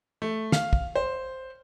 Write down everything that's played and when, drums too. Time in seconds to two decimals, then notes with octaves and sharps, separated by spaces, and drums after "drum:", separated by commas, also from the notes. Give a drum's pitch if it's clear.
0.22 A3
0.52 F5, drum: snare
0.73 drum: kick
0.95 C5